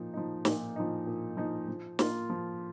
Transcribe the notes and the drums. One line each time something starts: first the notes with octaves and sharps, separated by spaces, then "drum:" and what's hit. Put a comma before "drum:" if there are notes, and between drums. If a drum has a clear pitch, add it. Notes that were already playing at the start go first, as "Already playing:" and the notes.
Already playing: A#2 F3 D#4
F3 D#4
A#2, drum: snare
F3 D#4
A#2
F3 D#4
F3
A#3 F4, drum: snare
F3